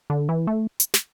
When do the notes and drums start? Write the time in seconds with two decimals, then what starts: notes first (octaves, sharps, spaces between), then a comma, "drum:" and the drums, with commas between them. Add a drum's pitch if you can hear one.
0.10 D3
0.29 E3
0.47 A3
0.80 drum: hi-hat
0.94 drum: snare